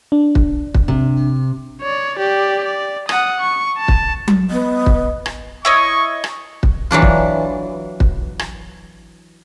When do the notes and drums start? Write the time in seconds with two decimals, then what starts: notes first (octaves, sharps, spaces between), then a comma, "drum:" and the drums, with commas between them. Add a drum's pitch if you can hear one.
0.12 D4
0.35 drum: kick
0.74 drum: kick
0.88 C3
1.81 C#5 D5
2.15 G4 D5
2.65 D5
3.09 F#5 D#6, drum: rim click
3.41 C#6
3.78 A5
3.88 drum: kick
4.28 drum: tom F#3
4.51 B3 D#5
4.86 drum: kick
5.26 drum: rim click
5.65 E4 C#5 D#5 C#6
6.24 drum: rim click
6.63 drum: kick
6.91 E3 F#3 D4 F4
7.02 drum: kick
8.00 drum: kick
8.39 drum: rim click